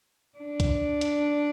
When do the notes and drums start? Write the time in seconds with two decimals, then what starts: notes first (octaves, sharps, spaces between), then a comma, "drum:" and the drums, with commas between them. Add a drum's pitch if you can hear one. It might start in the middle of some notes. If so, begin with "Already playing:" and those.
0.38 D4
0.60 drum: kick, hi-hat
1.01 drum: hi-hat